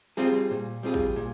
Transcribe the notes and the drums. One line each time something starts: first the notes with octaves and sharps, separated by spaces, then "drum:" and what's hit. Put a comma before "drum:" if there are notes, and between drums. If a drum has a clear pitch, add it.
G3 C4 F4 G#4
A#2
G3 C4 F4 G#4
drum: kick
A#2